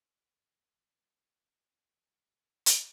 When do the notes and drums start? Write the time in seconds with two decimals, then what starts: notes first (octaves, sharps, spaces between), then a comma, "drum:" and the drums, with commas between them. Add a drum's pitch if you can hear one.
0.24 C#2
0.74 A#2 D#3 F#3 A#3
1.51 C2
2.66 drum: hi-hat